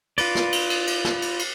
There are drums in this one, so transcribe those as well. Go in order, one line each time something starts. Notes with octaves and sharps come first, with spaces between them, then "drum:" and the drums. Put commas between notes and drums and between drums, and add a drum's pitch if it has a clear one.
F4 B4 D5, drum: cymbal
drum: snare
drum: cymbal
drum: cymbal
drum: cymbal
drum: snare
drum: cymbal
drum: cymbal